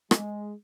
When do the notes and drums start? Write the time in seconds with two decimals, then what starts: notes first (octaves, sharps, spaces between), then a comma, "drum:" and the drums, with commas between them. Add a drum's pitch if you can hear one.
0.11 G#3, drum: rim click